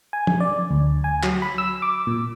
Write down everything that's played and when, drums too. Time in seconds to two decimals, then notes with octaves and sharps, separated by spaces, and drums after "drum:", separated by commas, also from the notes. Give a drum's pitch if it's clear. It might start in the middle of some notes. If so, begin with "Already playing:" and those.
0.13 G#5
0.27 drum: tom
0.40 D5
0.70 D2
1.04 G#5
1.23 F#3, drum: clap
1.42 B5
1.58 E6
1.82 D6
2.07 A#2